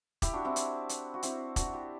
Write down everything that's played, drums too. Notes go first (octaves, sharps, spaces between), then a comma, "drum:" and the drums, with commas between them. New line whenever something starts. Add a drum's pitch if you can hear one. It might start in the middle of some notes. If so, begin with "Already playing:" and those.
E4 G4, drum: kick E1, hi-hat
D4 F#4
C4 E4
drum: hi-hat
drum: hi-hat
F#4
C4 E4, drum: hi-hat
D4 F#4, drum: kick E1, hi-hat
E4 G4